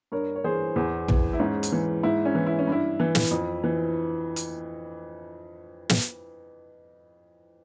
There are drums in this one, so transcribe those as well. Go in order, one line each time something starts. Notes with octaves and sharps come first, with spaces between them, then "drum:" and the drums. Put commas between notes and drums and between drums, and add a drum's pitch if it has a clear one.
G2 A#4 C#5
C#5
E3 G#4 C5
E2
E3, drum: tom
E4
G#2 C#4
drum: hi-hat
E3
G#2 E4
C#4
E3
E4
C#4
G2 E4
E3
drum: snare
F2
E3
drum: hi-hat
drum: snare